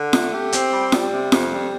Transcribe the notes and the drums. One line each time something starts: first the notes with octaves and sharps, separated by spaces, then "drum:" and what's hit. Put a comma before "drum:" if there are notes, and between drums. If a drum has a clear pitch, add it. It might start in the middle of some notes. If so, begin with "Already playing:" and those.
Already playing: D3
A3, drum: snare F4
G4
C4, drum: hi-hat
G3
G3, drum: snare F4
C3
F2, drum: snare F4
G3